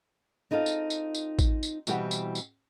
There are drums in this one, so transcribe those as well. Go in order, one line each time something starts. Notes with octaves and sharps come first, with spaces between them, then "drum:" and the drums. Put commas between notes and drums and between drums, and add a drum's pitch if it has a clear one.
C4 D#4 F4 A4 F5
drum: tambourine
drum: tambourine
drum: tambourine
drum: kick A1, tambourine
drum: tambourine
B2 E3 G3 C4 G4 F#5, drum: tambourine
drum: tambourine
drum: tambourine